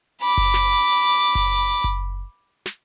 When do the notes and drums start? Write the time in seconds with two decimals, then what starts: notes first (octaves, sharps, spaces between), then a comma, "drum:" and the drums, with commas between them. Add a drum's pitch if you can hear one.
0.21 B5 D6
0.38 drum: kick F#1
0.54 drum: snare
1.35 drum: kick F#1
1.84 drum: kick F#1
2.66 drum: snare